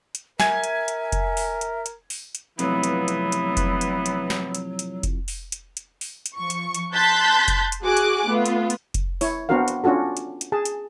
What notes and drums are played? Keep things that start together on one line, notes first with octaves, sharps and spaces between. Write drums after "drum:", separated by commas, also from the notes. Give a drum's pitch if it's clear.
drum: hi-hat
A#4 E5 G#5 G#6, drum: snare
drum: hi-hat
drum: hi-hat
drum: kick F1, hi-hat
drum: open hi-hat
drum: hi-hat
drum: hi-hat
drum: open hi-hat
drum: hi-hat
F2 A2 C3 E3 F#3 B3, drum: hi-hat
drum: hi-hat
drum: hi-hat
drum: hi-hat
drum: kick F1, hi-hat
drum: hi-hat
drum: hi-hat
drum: snare
drum: hi-hat
drum: hi-hat
drum: kick F1, hi-hat
drum: open hi-hat
drum: hi-hat
drum: hi-hat
drum: open hi-hat
drum: hi-hat
F3 C#6
drum: hi-hat
drum: hi-hat
A5 C6 F#6 G6 A6 B6
drum: kick F1, hi-hat
drum: hi-hat
F#4 G#4 G#5 D6 F#6
drum: hi-hat
A3 B3 F4
drum: hi-hat
drum: hi-hat
drum: kick F1, hi-hat
E4 C#5, drum: open hi-hat
B3 C4 D4 F#4 A#4 F5
drum: hi-hat
C#4 D4 F4 F#4 A4
drum: hi-hat
drum: hi-hat
G#4 A5
drum: hi-hat